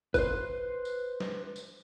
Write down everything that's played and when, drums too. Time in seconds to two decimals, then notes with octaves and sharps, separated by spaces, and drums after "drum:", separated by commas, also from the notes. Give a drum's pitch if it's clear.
0.14 B4 C5, drum: kick, tambourine
0.85 drum: tambourine
1.20 drum: snare
1.56 drum: tambourine